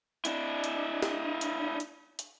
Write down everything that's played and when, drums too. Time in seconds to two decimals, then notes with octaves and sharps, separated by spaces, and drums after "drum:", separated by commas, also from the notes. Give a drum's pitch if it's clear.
0.25 D4 E4, drum: hi-hat
0.64 drum: hi-hat
1.02 drum: snare
1.41 drum: hi-hat
1.80 drum: hi-hat
2.19 drum: hi-hat